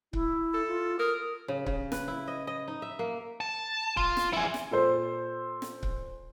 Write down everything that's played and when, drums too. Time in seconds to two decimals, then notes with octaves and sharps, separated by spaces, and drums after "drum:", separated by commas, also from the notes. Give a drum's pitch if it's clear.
0.13 E4, drum: kick C#1
0.54 A4
0.68 F4
0.99 A#4 D#6
1.48 C#3
1.66 C#3, drum: kick C#1
1.92 B4, drum: snare
2.08 E4
2.28 D#5
2.47 D#5
2.68 D#4
2.82 E5
2.99 A#3
3.41 A5
3.97 F4, drum: kick C#1
4.17 drum: snare
4.33 E4 G#4
4.54 drum: snare
4.71 A#2 A4 C5
5.62 drum: snare
5.83 drum: kick C#1